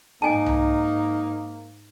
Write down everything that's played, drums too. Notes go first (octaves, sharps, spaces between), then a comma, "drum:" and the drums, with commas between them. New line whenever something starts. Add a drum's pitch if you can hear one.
G#2 A#3 D#4 G#5 A5
drum: tom C2